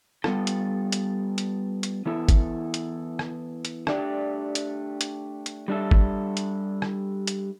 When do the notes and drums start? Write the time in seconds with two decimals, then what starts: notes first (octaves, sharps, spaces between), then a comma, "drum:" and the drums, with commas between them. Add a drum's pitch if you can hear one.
0.24 G3 B3 F4 A4, drum: rim click
0.47 drum: hi-hat
0.92 drum: hi-hat
1.38 drum: hi-hat
1.83 drum: hi-hat
2.06 E3 B3 E4 A4
2.29 drum: kick G1, hi-hat
2.74 drum: hi-hat
3.19 drum: rim click
3.65 drum: hi-hat
3.87 A3 D4 G4 D5, drum: rim click
4.55 drum: hi-hat
5.01 drum: hi-hat
5.46 drum: hi-hat
5.68 G3 D4 A4 E5
5.91 drum: kick G1
6.37 drum: hi-hat
6.82 drum: rim click
7.27 drum: hi-hat